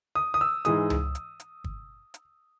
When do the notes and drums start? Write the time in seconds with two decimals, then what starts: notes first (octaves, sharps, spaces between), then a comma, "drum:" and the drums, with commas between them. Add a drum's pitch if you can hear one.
0.15 D#6
0.34 D#6
0.41 E6
0.65 G#2 E3 G#3 D#6, drum: hi-hat
0.90 drum: tom C#2
1.15 drum: hi-hat
1.40 drum: hi-hat
1.64 drum: kick
2.14 drum: hi-hat